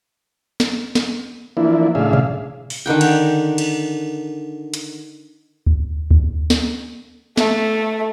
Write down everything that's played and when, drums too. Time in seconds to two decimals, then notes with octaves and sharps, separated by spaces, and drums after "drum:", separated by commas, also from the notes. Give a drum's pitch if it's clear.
0.60 drum: snare
0.95 drum: snare
1.57 E3 F3 A#3 D4 E4
1.95 A2 C#3 D4 G#4 E5 F5
2.13 drum: tom B2
2.70 drum: open hi-hat
2.86 D3 D#3 F#5 G5
3.01 drum: cymbal
3.58 drum: cymbal
4.74 drum: hi-hat
5.67 drum: kick D2
6.11 drum: kick D2
6.50 drum: snare
7.37 A3, drum: snare